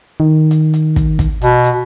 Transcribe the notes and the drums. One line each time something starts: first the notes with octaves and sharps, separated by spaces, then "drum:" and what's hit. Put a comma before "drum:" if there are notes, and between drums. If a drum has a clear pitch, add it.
D#3
drum: hi-hat
drum: hi-hat
drum: kick, hi-hat
drum: kick, hi-hat
B2, drum: hi-hat
drum: hi-hat